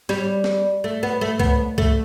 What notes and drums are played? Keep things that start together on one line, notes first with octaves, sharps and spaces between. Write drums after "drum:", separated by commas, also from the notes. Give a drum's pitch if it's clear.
G3, drum: snare
drum: snare
A3
B3
A3
B3, drum: kick C#2
A3, drum: kick C#2